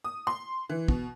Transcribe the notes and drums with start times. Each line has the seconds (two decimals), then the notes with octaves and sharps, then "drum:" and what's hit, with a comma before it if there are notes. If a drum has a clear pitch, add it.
0.04 D#6
0.27 C6
0.70 E3
0.88 B2, drum: kick